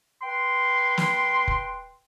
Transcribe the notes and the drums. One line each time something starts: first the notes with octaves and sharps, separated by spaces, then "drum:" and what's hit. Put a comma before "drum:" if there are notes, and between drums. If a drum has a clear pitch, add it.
B4 G5 C6
drum: snare
drum: kick F1